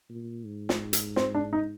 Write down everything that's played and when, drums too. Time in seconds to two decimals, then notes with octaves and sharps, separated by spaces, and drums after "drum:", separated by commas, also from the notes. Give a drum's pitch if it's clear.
0.09 A#2
0.46 G#2
0.69 drum: snare
0.93 drum: hi-hat
1.16 C4, drum: snare
1.35 D4
1.53 D#4